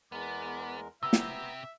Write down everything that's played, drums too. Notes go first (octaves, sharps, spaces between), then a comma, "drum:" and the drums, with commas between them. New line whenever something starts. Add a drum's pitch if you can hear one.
E2 G#3 B3 A#4 D6
C3 B3 G4 E5 A#5 E6
drum: snare